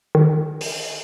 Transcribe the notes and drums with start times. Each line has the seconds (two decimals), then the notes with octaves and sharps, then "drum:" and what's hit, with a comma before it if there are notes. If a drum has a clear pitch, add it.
0.15 D#3
0.61 drum: open hi-hat